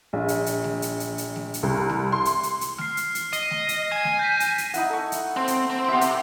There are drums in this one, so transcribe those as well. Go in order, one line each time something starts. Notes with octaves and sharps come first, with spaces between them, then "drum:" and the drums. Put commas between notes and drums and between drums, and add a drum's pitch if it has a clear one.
A#1
drum: hi-hat
drum: hi-hat
drum: snare A3
drum: hi-hat
drum: hi-hat
drum: hi-hat
drum: snare A3
drum: hi-hat
C2
drum: snare A3
C6
drum: hi-hat
drum: hi-hat
drum: hi-hat
F6 C7, drum: snare A3
drum: hi-hat
drum: hi-hat
D#5 C7, drum: hi-hat
drum: snare A3
drum: hi-hat
G#5 G#6 E7
drum: snare A3
G6 A#6 B6
drum: hi-hat
drum: hi-hat
D#4 E4 F#5, drum: hi-hat
A4 C#6
drum: hi-hat
C4
drum: hi-hat
C4
B3 G4 E5 B5 C6
drum: hi-hat